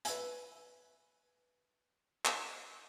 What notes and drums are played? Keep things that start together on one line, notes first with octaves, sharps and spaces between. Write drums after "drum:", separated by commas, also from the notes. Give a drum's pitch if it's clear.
B4 E5 G#5, drum: hi-hat
drum: clap